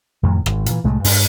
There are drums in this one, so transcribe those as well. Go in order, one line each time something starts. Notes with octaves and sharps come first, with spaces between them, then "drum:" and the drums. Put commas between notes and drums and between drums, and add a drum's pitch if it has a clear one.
F2 A2 D#3 F#3
G#1, drum: rim click
A#2 D3 E3, drum: hi-hat
C2 A2 G#3 A3
G2 D4, drum: open hi-hat